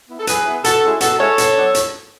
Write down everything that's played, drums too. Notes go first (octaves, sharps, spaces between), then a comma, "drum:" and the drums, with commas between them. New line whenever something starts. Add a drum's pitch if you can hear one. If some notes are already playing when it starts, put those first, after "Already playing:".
B3 E4
A4
F#3 G#4 B4, drum: hi-hat
B3 E4
B2 F#4 A4, drum: hi-hat
G#3 C#4 E4
B2 F#4 A4, drum: hi-hat
G#3 C#4 E4 A4 C#5
B2, drum: hi-hat
F#3 B3 D4
drum: hi-hat